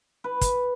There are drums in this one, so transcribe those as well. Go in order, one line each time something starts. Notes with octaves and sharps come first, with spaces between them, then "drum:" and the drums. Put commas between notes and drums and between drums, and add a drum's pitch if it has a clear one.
B4
drum: kick, hi-hat